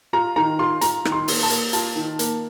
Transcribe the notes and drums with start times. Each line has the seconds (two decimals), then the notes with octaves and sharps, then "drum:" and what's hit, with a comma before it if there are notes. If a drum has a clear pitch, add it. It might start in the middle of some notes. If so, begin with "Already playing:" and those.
0.13 F4 A#5
0.36 D#3 A#5
0.59 F4 C6
0.81 F4 A#5, drum: hi-hat
1.05 D#3, drum: rim click
1.12 C6
1.28 A#3, drum: open hi-hat
1.43 A5
1.50 A#3, drum: hi-hat
1.73 F4 A5, drum: hi-hat
1.96 D#3
2.19 A#3, drum: hi-hat